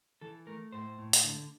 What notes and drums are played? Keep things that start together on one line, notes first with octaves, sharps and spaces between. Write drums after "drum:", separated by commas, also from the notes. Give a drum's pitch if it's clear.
E3 A4
A3 A#4
A2 C5
A2
drum: hi-hat
D3